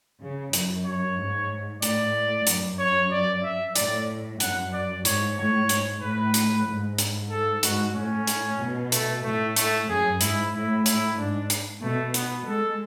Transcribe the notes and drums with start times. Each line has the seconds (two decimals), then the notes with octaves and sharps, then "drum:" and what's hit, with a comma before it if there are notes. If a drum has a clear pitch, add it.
0.21 C#3
0.53 F#2, drum: hi-hat
0.86 C#5
1.18 G#2
1.82 A2 D5, drum: hi-hat
2.47 F#2, drum: hi-hat
2.79 C#5
3.11 D5
3.44 E5
3.76 A2 D5, drum: hi-hat
4.40 F#2 F#5, drum: hi-hat
4.73 D5
5.05 G#2 C#5, drum: hi-hat
5.37 A2 C#5
5.69 G#2, drum: hi-hat
6.02 A2 B4
6.34 drum: hi-hat
6.66 G#2
6.98 drum: hi-hat
7.31 A4
7.63 G#2 F#4, drum: hi-hat
7.95 A2 C#4
8.27 drum: hi-hat
8.60 B2
8.92 A3, drum: hi-hat
9.24 A2 A3
9.56 A3, drum: hi-hat
9.89 F#2 G#4
10.21 G#2 E4, drum: hi-hat
10.53 A2 E4
10.86 E4, drum: hi-hat
11.17 G#2 D4
11.50 drum: hi-hat
11.82 B2 A3
12.14 B3, drum: hi-hat
12.47 G#3 A4